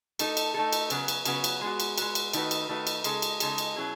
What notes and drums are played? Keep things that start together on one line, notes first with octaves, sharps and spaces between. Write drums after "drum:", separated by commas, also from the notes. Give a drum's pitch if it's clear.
A3 D#4 A4, drum: cymbal
drum: cymbal
A3 D#4 A4
drum: cymbal
C#3 F#3 B3, drum: cymbal
drum: cymbal
C#3 F#3 B3, drum: cymbal
drum: cymbal
G#3 B3 F#4
drum: cymbal
G#3 B3 F#4, drum: cymbal
drum: cymbal
D#3 A3 D#4 F#4 B4, drum: cymbal
drum: cymbal
D#3 A3 D#4 F#4 B4
drum: cymbal
C#3 G#3 D#4 A4, drum: cymbal
drum: cymbal
C#3 G#3 D#4 A4, drum: cymbal
drum: cymbal
B2 F#3 C#4 E4 G#4